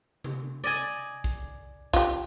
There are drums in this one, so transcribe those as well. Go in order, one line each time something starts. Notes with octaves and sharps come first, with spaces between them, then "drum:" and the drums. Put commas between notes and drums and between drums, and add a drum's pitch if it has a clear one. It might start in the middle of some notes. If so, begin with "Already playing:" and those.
drum: tom C3
D5 D#5 G#5
drum: kick A#1
F4 G4, drum: kick A#1